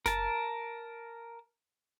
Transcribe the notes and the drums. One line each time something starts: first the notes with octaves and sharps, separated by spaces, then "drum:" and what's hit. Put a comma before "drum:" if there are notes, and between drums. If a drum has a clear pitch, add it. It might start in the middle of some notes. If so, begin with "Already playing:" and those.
A#4 A5, drum: snare F#1